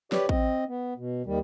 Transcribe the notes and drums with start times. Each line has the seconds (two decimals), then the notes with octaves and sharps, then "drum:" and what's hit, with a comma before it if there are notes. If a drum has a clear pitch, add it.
0.12 G4 B4 C#5 D5, drum: snare
0.29 C4 D#5, drum: kick A1
0.69 B3
0.97 B2
1.26 D#2 D#3 G3